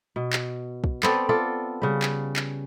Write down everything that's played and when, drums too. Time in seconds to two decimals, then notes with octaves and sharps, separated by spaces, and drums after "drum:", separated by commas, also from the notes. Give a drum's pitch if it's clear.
0.16 B2
0.33 drum: clap
0.84 drum: kick
1.03 B3 C4 A4 D5, drum: clap
1.29 F4 A4 D5
1.82 C#3 G3
2.02 drum: clap
2.36 drum: clap